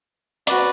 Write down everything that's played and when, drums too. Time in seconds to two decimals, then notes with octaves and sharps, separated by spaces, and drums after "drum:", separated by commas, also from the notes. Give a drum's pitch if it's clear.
0.47 F#4 B4 D5, drum: hi-hat